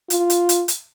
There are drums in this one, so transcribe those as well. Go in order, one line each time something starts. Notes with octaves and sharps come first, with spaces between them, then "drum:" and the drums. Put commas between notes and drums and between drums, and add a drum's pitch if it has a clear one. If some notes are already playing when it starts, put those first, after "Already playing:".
F4, drum: hi-hat
drum: hi-hat
drum: hi-hat
drum: hi-hat